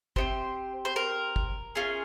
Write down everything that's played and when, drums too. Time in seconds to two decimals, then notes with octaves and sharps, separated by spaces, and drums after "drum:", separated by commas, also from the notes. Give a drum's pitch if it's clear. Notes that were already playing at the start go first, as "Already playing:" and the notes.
0.16 C4 D#4 G4 C5, drum: kick
0.85 C5
0.96 A#4
1.36 drum: kick
1.75 C#4 F4 G#4